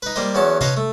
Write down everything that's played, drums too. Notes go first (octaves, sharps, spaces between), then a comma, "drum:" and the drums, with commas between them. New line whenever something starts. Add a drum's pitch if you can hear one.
D#4 B4
G3 A#3 C5 D#5
E2 F#3 C#4 A5
B4 C#5 D#5 F5 A5 C6, drum: tom C3
A3